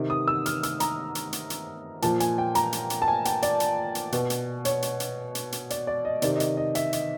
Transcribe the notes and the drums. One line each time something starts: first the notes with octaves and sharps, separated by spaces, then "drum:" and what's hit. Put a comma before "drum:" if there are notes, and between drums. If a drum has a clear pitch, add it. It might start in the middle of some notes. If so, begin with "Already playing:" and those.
Already playing: C3 D#3
D#6
E6
F6, drum: hi-hat
E6, drum: hi-hat
A#5, drum: hi-hat
drum: hi-hat
drum: hi-hat
drum: hi-hat
A#2 F3 A5, drum: hi-hat
G#5, drum: hi-hat
G5
A#5, drum: hi-hat
drum: hi-hat
drum: hi-hat
A5
G#5
G5, drum: hi-hat
D5, drum: hi-hat
drum: hi-hat
drum: hi-hat
B2, drum: hi-hat
drum: hi-hat
C#5, drum: hi-hat
drum: hi-hat
drum: hi-hat
drum: hi-hat
drum: hi-hat
D5, drum: hi-hat
D5
D#5
C3 D#3 D5, drum: hi-hat
D#5
D5, drum: hi-hat
D#5
E5, drum: hi-hat
D#5, drum: hi-hat